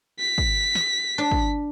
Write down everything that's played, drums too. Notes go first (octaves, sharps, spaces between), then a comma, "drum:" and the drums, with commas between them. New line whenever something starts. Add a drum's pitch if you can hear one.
B6
drum: kick
drum: snare
D4
drum: kick